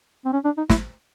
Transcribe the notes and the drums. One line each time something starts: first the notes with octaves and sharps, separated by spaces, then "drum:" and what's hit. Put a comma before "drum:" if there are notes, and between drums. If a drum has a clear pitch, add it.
C4
C#4
D4
D#4
E4, drum: snare